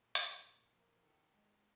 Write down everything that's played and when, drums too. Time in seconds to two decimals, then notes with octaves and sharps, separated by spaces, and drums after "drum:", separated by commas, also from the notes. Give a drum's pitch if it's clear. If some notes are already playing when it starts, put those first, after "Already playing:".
Already playing: A#2
0.15 F3 A#3, drum: hi-hat
0.45 A#2
0.74 F3 A#3
1.03 D#3 A4
1.33 G#3